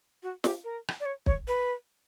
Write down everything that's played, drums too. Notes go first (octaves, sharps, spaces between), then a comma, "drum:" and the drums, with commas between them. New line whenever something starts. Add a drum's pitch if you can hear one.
F#4
G4, drum: snare
A#4
drum: rim click
D5
C#5
C#5, drum: kick
B4